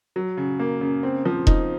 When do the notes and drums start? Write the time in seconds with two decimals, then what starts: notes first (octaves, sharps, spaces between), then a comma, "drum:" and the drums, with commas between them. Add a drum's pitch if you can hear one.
0.16 F#3
0.37 C#3
0.59 A#3
0.81 C#3
1.03 C4
1.25 F3
1.47 D#4, drum: kick E1